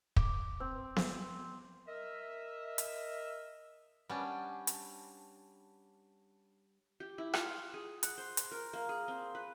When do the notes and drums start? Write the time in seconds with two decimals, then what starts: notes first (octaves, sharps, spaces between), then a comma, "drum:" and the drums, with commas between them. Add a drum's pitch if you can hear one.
0.16 D6, drum: kick
0.60 C4
0.96 drum: snare B3
1.87 A#4 D#5 E5
2.78 drum: hi-hat
4.09 G3 B3 C#4 D4
4.67 drum: hi-hat
7.00 G4
7.18 E4
7.33 F4, drum: rim click
7.74 G#4
8.03 F#5, drum: hi-hat
8.18 C5
8.37 drum: hi-hat
8.51 A#4
8.73 A#3
8.89 G#4
9.08 C4
9.35 B4